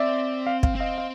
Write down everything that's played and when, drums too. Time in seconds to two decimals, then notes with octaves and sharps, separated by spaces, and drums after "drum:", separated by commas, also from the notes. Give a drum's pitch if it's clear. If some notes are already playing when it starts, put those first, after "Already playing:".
Already playing: C4 D5 E5
0.47 F5
0.63 F5, drum: kick
0.75 C4 D#5 F5
0.98 F5